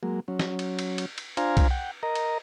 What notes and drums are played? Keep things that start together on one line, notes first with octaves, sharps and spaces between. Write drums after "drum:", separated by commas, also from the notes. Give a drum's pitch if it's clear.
F#3 G#3 A#3
F#3 C#4
drum: snare
drum: cymbal
drum: cymbal
drum: cymbal
drum: cymbal
D4 F4 C5 F5 G#5 A#5, drum: cymbal
drum: kick B1, cymbal
F#5 G5
A#4 D#5 A#5
drum: cymbal